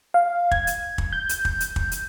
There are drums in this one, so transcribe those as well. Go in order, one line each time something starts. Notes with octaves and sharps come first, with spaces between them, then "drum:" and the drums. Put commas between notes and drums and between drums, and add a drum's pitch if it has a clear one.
F5
G#6, drum: kick
drum: hi-hat
drum: kick
G6
drum: hi-hat
drum: kick
drum: hi-hat
drum: kick
drum: hi-hat